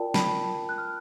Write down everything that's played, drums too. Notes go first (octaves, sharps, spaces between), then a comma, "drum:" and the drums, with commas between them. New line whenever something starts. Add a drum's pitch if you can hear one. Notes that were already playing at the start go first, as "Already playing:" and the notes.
Already playing: F4 A#4 D5 G5 A5
A5 B5, drum: snare
F#6
F6